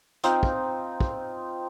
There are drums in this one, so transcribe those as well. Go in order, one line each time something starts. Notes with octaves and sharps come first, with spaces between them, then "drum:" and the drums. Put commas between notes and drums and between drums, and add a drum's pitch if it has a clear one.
C4 D#4 F4, drum: hi-hat
drum: kick
drum: kick